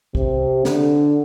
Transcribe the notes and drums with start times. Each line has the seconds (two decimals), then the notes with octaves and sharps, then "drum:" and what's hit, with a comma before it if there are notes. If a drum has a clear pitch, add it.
0.15 C3, drum: kick B1
0.65 D3, drum: snare